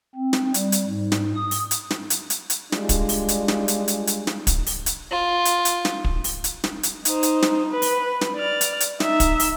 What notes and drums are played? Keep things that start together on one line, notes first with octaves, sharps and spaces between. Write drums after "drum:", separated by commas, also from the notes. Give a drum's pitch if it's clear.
C4
drum: snare
G3, drum: hi-hat
drum: hi-hat
G#2
drum: snare
D#6
drum: open hi-hat
drum: hi-hat
drum: snare
drum: hi-hat
drum: hi-hat
drum: hi-hat
G3 G#3 D4 F4, drum: snare
drum: kick, hi-hat
drum: open hi-hat
drum: hi-hat
drum: snare
drum: hi-hat
drum: hi-hat
drum: hi-hat
drum: snare
drum: kick, hi-hat
drum: open hi-hat
drum: hi-hat
F4
drum: hi-hat
drum: hi-hat
drum: snare
drum: kick
drum: open hi-hat
drum: hi-hat
drum: snare
drum: hi-hat
D#4 C5, drum: hi-hat
drum: hi-hat
drum: snare
B4
drum: open hi-hat
drum: snare
D5 F6
drum: hi-hat
drum: hi-hat
D#4 E5, drum: snare
drum: kick, hi-hat
drum: open hi-hat